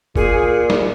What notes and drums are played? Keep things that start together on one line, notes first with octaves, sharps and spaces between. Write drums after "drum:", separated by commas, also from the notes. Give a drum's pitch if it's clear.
A#2 G#4, drum: kick
drum: snare